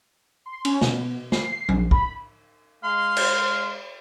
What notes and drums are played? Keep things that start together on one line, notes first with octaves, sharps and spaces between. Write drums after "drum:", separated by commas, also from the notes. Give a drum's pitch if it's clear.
C6
C#4, drum: cymbal
B2, drum: snare
C7, drum: snare
A#1, drum: tom F#3
B5, drum: kick
G#3 F5 C6
drum: cymbal